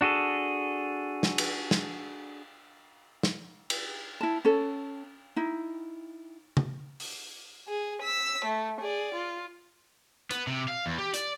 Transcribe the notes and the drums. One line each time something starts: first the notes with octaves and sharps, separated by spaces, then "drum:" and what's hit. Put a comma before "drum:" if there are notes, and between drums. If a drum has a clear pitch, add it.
D4 F#4 G#4 A4
drum: snare
drum: cymbal
drum: snare
drum: snare
drum: cymbal
E4 A5
C#4 A4
D#4 E4
drum: tom C#3
drum: open hi-hat
G#4
E6 B6
A3
G#4 D5
F4
B3, drum: hi-hat
C3
F5
E2
G4
D5, drum: hi-hat